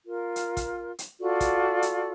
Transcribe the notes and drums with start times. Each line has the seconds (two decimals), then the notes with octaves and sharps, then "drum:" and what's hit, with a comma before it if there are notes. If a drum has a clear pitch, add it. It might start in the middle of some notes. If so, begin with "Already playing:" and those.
0.05 F4 A#4
0.36 drum: hi-hat
0.57 drum: kick, hi-hat
0.99 drum: hi-hat
1.20 F4 F#4 A4 D5
1.40 drum: kick, hi-hat
1.82 drum: hi-hat